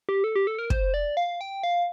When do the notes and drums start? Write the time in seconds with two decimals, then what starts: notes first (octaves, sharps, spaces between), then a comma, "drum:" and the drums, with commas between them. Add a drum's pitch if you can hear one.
0.09 G4
0.24 A4
0.36 G4
0.47 A4
0.59 A#4
0.70 C5, drum: kick
0.94 D5
1.17 F5
1.41 G5
1.63 F5